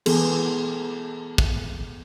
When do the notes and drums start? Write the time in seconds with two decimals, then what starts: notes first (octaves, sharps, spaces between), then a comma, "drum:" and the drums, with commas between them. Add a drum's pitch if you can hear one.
0.06 E3 B3 G#4 A4, drum: cymbal
1.38 drum: kick